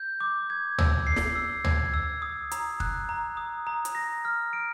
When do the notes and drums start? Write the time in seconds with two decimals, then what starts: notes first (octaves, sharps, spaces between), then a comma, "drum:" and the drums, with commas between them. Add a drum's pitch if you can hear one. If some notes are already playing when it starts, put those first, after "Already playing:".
Already playing: G6
0.21 D6
0.50 G#6
0.78 E6, drum: tom
1.07 C7
1.16 drum: snare
1.36 E6
1.64 G#6, drum: tom
1.94 E6
2.22 D#6
2.51 A#5, drum: hi-hat
2.80 F#6, drum: kick
3.09 A#5
3.37 D#6
3.67 A#5
3.85 drum: hi-hat
3.95 A#6
4.25 F6
4.53 D7